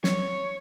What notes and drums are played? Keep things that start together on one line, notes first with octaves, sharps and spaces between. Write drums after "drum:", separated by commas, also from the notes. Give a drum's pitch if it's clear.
C#5, drum: snare